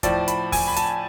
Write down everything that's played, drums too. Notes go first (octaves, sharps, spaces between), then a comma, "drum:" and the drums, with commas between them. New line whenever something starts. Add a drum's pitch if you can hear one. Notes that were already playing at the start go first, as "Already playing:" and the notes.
A2 F3 D5, drum: kick D#2, hi-hat
B5, drum: hi-hat
G#5, drum: kick D#2, open hi-hat
B5
A5, drum: hi-hat